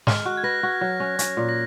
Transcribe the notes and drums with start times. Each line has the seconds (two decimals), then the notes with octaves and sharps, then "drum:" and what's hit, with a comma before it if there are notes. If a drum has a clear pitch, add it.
0.07 G#3 F6, drum: snare
0.25 F#4 F#6
0.37 G#6
0.43 B4 A#6
0.63 F#4
0.81 F#3
1.00 C#4
1.19 C#4, drum: hi-hat
1.37 A#2
1.49 A#6